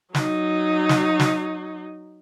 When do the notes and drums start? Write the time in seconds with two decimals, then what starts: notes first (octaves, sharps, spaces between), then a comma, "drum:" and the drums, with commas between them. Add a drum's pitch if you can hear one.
0.15 F#3 D#4, drum: snare
0.89 drum: snare
1.20 drum: snare